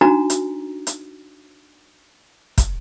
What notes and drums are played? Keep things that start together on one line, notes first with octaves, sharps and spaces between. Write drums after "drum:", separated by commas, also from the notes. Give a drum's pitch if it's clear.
D4 D#4 F#4 A#5
drum: hi-hat
drum: hi-hat
drum: kick, hi-hat